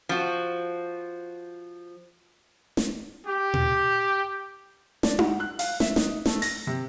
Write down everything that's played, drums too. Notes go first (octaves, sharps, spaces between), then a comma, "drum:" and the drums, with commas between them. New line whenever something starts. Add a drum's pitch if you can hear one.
F3 F#4
drum: snare
G4
drum: tom A#2
D4, drum: snare
F#4, drum: tom D#4
F#6
F5, drum: open hi-hat
E5, drum: snare
D#4, drum: snare
A3, drum: snare
A#6, drum: open hi-hat
C3